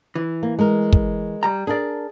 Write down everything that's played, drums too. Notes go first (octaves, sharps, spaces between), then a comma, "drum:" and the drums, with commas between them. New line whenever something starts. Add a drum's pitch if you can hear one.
E3
A#3
G#3 A#4
drum: kick
G3 A#5
D4 G#4 A#4 D5